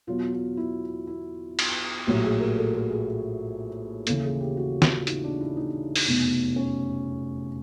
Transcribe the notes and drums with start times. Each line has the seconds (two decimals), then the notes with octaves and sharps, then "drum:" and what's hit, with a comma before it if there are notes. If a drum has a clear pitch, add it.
0.07 E2 B2 F#3 F4
0.33 F4
0.57 E4
1.07 E4
1.59 drum: cymbal
2.07 A#1 A2 F#3 G4
2.24 G#4
2.40 A#4
2.57 A4
2.73 A4
2.90 G#4
4.07 D#2 C#3 E3 A4, drum: hi-hat
4.24 G#4
4.41 G4
4.57 F#4
4.82 F4, drum: snare
5.07 D#4, drum: hi-hat
5.24 D4
5.41 E4
5.57 D#4
5.96 drum: open hi-hat
6.07 F1 E2 B2
6.56 C#4